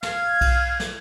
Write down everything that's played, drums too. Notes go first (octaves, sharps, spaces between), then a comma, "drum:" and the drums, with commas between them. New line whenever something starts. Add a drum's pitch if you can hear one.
F5 G#6, drum: snare
drum: kick B1, cymbal
drum: snare